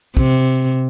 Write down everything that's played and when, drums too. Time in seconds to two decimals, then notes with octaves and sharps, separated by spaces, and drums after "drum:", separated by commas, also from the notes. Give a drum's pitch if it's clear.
0.17 C3, drum: kick